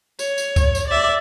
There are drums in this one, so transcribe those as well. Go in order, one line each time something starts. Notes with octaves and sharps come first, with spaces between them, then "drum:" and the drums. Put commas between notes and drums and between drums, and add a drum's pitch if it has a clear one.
C#5, drum: tambourine
drum: tambourine
drum: kick C#2, tambourine
drum: tambourine
D5 E5